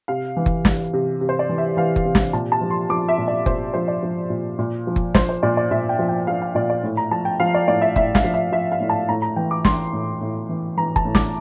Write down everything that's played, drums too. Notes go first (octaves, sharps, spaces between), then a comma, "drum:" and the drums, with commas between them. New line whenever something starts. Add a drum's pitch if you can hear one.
C3 F5
E3
drum: kick F#1
E3, drum: snare
C3
C3
C5
D5
E3
E5
E3 F5
drum: kick F#1
C3
drum: snare
A#2 A5
A5
F3
C6
F3 D6
E5
A#2
D5
A#2 C5, drum: kick F#1
F3 C5
D5
F3
A#2
A#2
F3
drum: kick F#1
F3 C5, drum: snare
C5
A#2 D5
D5
A#2 E5
G5
F3
G5
F3 F5
F5
A#2 D5
D5
A2
A#5
F3 A5
G5
F3 F5
D5
A2 D5
E5
A2 E5, drum: kick F#1
F5, drum: snare
F3
E5
F3 E5
F5
A2
A5
A2 A#5
A#5
E3 G5
D6
E3 C6, drum: snare
A2
A2
E3
E3 A#5
A5, drum: kick F#1
A2
D6, drum: snare